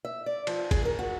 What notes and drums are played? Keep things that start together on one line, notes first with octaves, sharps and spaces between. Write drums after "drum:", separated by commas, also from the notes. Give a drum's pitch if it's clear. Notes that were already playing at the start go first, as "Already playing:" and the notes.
E5
D5
F3, drum: cymbal
G#4, drum: kick G#1, cymbal
A#4
F#4